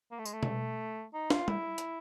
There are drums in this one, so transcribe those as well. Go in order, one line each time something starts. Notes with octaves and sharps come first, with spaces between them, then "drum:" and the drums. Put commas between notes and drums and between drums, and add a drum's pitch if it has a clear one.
A#3
A3
G#3, drum: tambourine
A3
drum: tom B2
D#4
F4, drum: snare
E4, drum: tom
drum: hi-hat